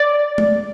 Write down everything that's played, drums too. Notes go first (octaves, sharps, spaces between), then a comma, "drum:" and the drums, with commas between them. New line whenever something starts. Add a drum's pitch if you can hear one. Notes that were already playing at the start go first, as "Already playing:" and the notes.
Already playing: D5
drum: tom G#3